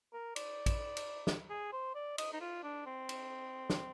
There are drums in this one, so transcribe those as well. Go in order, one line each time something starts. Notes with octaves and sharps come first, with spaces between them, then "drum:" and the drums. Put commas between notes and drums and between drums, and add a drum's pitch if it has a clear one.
A#4
D5, drum: cymbal
drum: kick, cymbal
drum: cymbal
drum: snare
G#4
C5
D5
D#5, drum: cymbal
D#4
F4
D4
C4
drum: cymbal
drum: snare